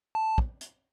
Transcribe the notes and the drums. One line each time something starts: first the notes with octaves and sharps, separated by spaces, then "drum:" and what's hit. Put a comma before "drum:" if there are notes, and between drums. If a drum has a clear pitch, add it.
A5
drum: kick
drum: hi-hat